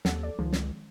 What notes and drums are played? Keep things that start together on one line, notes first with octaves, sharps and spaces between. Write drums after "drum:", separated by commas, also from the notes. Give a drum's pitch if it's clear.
D#2 A4 F#5, drum: snare
D5
C#2 D#3 F3 G#3
drum: snare